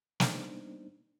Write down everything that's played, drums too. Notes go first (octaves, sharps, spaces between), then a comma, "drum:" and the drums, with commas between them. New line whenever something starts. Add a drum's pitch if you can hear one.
G3 A#3 B3 D4 D#4 C5, drum: snare